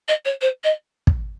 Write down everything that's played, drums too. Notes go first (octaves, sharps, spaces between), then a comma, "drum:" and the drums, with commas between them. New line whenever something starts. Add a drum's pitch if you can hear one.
D#5
C#5
C5
D#5
drum: kick